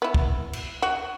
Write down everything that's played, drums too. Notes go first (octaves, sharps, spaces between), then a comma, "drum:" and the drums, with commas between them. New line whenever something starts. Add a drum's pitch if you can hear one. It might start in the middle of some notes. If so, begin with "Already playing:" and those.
B3 E4
drum: kick
drum: cymbal
F#4